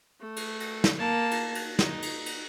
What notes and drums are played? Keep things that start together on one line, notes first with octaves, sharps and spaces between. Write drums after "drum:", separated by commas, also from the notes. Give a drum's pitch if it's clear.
A3
drum: cymbal
drum: cymbal
drum: snare
A#3 A5
drum: cymbal
drum: cymbal
D#4, drum: snare
drum: cymbal
drum: cymbal